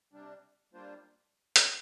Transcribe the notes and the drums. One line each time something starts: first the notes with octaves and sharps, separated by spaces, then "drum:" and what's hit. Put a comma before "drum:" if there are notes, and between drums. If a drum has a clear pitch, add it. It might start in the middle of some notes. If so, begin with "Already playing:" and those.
C3 G3 D4
G3 A#3 D4 F4 C5
drum: hi-hat